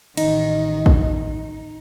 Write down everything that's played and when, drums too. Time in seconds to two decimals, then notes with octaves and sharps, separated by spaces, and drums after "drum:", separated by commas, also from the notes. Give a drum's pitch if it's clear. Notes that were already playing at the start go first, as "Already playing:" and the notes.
0.17 A1 D#3 D#4, drum: cymbal
0.86 drum: kick